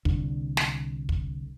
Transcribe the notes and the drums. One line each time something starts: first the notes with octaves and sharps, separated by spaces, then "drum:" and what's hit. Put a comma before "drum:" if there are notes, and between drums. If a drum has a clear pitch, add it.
C2 D3, drum: kick
drum: snare
drum: kick